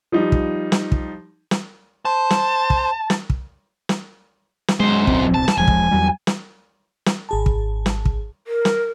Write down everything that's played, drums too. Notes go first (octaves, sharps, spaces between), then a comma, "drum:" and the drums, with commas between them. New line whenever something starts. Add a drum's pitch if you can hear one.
F3 G3 D#4
drum: kick
drum: snare
drum: kick
drum: snare
C5 A5
drum: snare
drum: kick
drum: snare
drum: kick
drum: snare
drum: snare
F#2 G#3 C5
D1 B1 C4, drum: kick
A5
drum: snare
E1 F3 G#3 G#5
drum: kick
E2 F#3 G3
drum: snare
drum: snare
G#1 G#4 A5
drum: kick
drum: snare
drum: kick
A#4
drum: snare